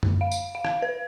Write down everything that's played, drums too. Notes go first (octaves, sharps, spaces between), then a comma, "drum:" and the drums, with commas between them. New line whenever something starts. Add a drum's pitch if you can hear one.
drum: tom F#2
F5
drum: tambourine
F5
drum: rim click
B4